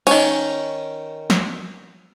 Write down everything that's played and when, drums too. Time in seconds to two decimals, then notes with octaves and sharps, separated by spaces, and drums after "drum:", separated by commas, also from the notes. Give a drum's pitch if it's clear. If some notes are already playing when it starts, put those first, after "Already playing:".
0.07 D#3 C#4, drum: cymbal
1.30 drum: snare